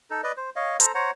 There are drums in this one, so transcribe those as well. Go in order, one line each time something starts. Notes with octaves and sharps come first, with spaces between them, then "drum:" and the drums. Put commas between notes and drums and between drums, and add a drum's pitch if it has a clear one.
D#4 A4
B4 D5 D#5
C5
C#5 D#5 F5
A4 C5 A#5, drum: hi-hat
C5 C#5 F#5 A#5